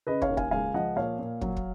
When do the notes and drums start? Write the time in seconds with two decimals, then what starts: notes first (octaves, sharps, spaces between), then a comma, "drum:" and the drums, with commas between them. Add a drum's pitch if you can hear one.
0.07 C#3 B4 D#5
0.22 C#5 F5, drum: kick
0.29 D#2
0.37 F5 G#5, drum: kick
0.51 C#2 F5 G#5
0.74 F3 D#5 F#5
0.96 A#2 C#5 F5
1.19 A#2
1.41 F#3, drum: kick
1.57 drum: kick